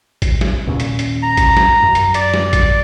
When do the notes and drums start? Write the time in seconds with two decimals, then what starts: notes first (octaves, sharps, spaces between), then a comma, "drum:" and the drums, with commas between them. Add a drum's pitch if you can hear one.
0.22 drum: kick A1, hi-hat
0.41 drum: snare
0.67 D#2 A#2 C#4
0.80 drum: hi-hat
0.99 drum: hi-hat
1.23 A#5
1.37 drum: kick A1, hi-hat
1.57 drum: snare
1.83 F#2
1.95 drum: hi-hat
2.14 D5, drum: hi-hat
2.34 drum: snare
2.53 drum: kick A1, hi-hat